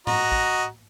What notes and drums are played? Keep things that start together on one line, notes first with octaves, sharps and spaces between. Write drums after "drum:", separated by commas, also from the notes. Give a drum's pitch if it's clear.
F#4 D#5 A#5, drum: tom G#2
drum: kick A1